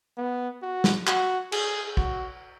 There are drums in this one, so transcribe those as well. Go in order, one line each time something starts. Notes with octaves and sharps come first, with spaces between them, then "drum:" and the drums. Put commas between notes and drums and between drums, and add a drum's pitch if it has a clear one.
B3
F#4
drum: snare
F#4, drum: clap
G#4, drum: cymbal
F#4, drum: kick